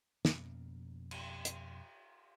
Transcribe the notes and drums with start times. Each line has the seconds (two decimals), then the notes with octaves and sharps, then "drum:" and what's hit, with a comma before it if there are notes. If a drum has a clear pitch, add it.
0.25 F2 B2 A#3 C#4, drum: snare
1.11 drum: cymbal
1.45 drum: hi-hat